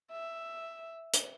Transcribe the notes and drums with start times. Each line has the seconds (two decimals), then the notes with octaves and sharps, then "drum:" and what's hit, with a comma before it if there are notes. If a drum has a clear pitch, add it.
0.11 E5
1.14 drum: hi-hat